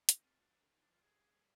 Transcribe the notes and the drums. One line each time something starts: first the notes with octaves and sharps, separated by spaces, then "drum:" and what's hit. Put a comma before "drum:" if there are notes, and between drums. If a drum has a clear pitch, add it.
D3 D#4, drum: hi-hat
A#2
C3 F4
F3 D4
F3
D3
D#3
D4
F3 F4
G3 G#4
G3